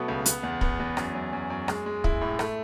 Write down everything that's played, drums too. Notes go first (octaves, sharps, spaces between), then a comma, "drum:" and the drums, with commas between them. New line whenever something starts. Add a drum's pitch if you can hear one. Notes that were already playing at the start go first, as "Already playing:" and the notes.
Already playing: B2 F#3 A3 B3
C#2
B3, drum: hi-hat
E2
B3, drum: kick
E2
F#2, drum: rim click
F#2
F#2
F#2
G#3, drum: rim click
G#3
E4, drum: kick
A2
A3, drum: rim click